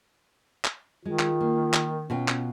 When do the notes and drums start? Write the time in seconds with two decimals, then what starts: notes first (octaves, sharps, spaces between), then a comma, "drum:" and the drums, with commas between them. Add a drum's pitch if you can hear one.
0.65 drum: clap
1.06 D#3 G#3 F4
1.19 drum: clap
1.41 A#3
1.74 drum: clap
2.10 B2 C#4 F4 G5
2.28 drum: clap